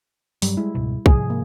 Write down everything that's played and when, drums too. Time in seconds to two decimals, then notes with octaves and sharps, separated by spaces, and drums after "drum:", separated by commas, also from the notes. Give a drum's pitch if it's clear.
0.42 G2 F#3 G3, drum: open hi-hat
0.57 G#3 E4
0.75 C#2 G#2 B2
1.06 G#2 C3 F3 G#4, drum: kick B1
1.30 A#3